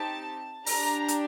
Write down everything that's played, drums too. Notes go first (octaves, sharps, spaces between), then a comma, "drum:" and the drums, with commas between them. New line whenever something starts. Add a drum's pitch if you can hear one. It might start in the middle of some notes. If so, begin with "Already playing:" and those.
Already playing: C4 D#4 G4 A5
D4 G4 A#5, drum: open hi-hat
drum: hi-hat